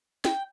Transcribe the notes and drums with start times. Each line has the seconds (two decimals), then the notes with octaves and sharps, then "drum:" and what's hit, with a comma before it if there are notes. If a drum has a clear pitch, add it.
0.25 G5, drum: snare